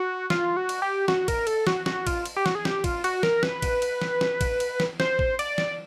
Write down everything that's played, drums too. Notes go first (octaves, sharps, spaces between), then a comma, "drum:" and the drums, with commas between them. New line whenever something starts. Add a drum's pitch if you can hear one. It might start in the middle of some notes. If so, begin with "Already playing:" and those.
Already playing: F#4
F4, drum: snare
F#4
drum: cymbal
G4
F#4, drum: snare
A#4, drum: kick A1, cymbal
A4, drum: cymbal
F#4, drum: snare
F#4, drum: snare
F4, drum: kick A1, cymbal
drum: cymbal
G4
F#4, drum: snare
G#4
G4, drum: snare
F4, drum: kick A1, cymbal
F#4, drum: cymbal
A#4, drum: snare
B4, drum: snare
drum: kick A1, cymbal
drum: cymbal
drum: snare
drum: snare
drum: kick A1, cymbal
drum: cymbal
drum: snare
C5, drum: snare
drum: kick A1
D5, drum: cymbal
drum: snare